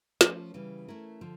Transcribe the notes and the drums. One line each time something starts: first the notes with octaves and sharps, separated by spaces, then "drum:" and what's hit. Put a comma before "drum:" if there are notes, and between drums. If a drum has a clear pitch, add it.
F3 A3 C#4, drum: snare
C#3 E3 G3
A3 C#4 E4 A#4
D3 F3